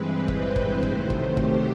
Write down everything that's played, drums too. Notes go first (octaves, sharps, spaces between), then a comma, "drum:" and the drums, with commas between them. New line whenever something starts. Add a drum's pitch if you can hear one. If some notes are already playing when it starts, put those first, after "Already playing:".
Already playing: G2 E3 G#3 C4 B4
C5, drum: kick
drum: kick
C3 D#3 F#3 A3 C5, drum: kick
drum: kick
G4, drum: kick